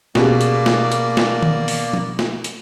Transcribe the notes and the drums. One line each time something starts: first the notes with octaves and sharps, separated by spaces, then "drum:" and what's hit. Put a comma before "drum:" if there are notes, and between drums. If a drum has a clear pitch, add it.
B2 A#3 C#4 G4 G#4 D5, drum: snare
drum: hi-hat
drum: snare
drum: hi-hat
drum: snare
drum: tom
drum: open hi-hat
drum: tom
drum: snare
drum: hi-hat